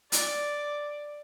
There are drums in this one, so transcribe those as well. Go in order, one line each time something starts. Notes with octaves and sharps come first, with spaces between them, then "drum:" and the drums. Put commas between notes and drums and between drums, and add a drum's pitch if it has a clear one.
D5, drum: hi-hat